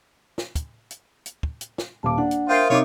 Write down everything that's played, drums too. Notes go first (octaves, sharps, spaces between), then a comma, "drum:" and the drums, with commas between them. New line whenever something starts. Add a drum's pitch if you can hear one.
drum: snare
drum: kick, hi-hat
drum: hi-hat
drum: hi-hat
drum: kick
drum: hi-hat
drum: snare
D#1 F5 A5 D6
D4 F#5
drum: hi-hat
F4 A#4 C5 E5 G5 D#6
C3 D#4 F4 C#5 D6